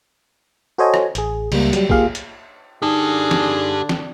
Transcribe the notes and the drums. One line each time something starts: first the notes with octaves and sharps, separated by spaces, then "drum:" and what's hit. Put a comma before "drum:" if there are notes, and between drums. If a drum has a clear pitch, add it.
F#4 A4 C5 C#5 D#5 G#5
drum: rim click
A1 G#4, drum: hi-hat
C#2 G3 A#3, drum: cymbal
F#3 G3, drum: hi-hat
A#3 F4 G4 G#4 F5, drum: kick
drum: hi-hat
D3 D4 D#4 G4 G#4 A5
drum: snare
drum: snare